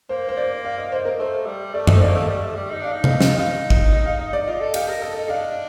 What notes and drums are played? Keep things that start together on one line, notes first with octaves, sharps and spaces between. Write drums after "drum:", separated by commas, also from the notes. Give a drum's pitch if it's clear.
A#3 C5
C5
D5
F5
D#5
C5
A#4
A3 C5
G3
A3 D5
A3 D#5, drum: tom F#2
C5
A#3 D5
A3 F5
G3
A3
G3
D#4
D4 F5
D#4
F5, drum: tom C3
D#5
drum: snare
D#4 F5
drum: kick G#1
D#5
F5
D#5
D5
F4 D#5
A4
G4 F5, drum: cymbal
A#4
A4 D#5
D4 F5